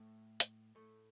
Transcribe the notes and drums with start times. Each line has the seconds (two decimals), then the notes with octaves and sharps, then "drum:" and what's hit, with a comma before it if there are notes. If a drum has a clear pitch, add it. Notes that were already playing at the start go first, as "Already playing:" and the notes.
Already playing: A2 A3
0.40 drum: hi-hat
0.75 A2 A3